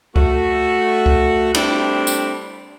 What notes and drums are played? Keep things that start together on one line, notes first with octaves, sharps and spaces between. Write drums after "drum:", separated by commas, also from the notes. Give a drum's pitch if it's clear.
A3 F#4, drum: kick C#2
drum: kick C#2
G3 A3 C4 D4 E4, drum: cymbal
drum: tambourine